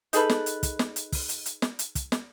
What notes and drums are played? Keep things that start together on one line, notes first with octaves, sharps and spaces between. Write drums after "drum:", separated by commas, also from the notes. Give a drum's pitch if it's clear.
D#4 G#4 A4 B4, drum: hi-hat
drum: snare
drum: hi-hat
drum: kick, hi-hat
drum: snare
drum: hi-hat
drum: kick, open hi-hat
drum: hi-hat
drum: hi-hat
drum: snare
drum: hi-hat
drum: kick, hi-hat
drum: snare